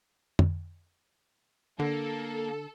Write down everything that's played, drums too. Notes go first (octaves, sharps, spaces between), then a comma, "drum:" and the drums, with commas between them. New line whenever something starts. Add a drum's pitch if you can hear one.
drum: tom
D3 A#3 A4